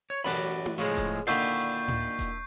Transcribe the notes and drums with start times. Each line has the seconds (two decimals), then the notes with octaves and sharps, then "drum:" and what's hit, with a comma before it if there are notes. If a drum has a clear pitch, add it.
0.10 C#5
0.24 A1 F#2 F#4 D5 A5 B5
0.35 drum: hi-hat
0.66 drum: tom E4
0.78 A2 C#3 F3 G#3
0.96 drum: kick E1, hi-hat
1.27 A#2 D3 D#3 D4 E4 C#6 G6 C7, drum: hi-hat
1.58 drum: hi-hat
1.88 drum: tom A2
2.19 drum: kick E1, hi-hat